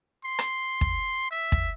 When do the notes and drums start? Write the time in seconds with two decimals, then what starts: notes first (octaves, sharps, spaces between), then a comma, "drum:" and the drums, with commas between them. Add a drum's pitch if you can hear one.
0.24 C6
0.39 drum: rim click
0.81 drum: kick
1.31 E5
1.52 drum: kick